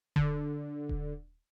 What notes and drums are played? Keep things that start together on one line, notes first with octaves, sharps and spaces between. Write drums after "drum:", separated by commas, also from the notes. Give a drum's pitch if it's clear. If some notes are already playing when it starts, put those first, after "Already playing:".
D3, drum: kick D#1
drum: kick D#1